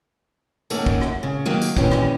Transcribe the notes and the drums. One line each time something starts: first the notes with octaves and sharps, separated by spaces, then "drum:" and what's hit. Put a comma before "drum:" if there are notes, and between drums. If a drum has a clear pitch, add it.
D#3 A3 A#3 C#4 F#5, drum: tambourine
drum: kick
drum: rim click
C#3
D#3 F#3 A#3 G4
drum: tambourine
A#2 D#3 E3 C#4 G4, drum: kick
drum: rim click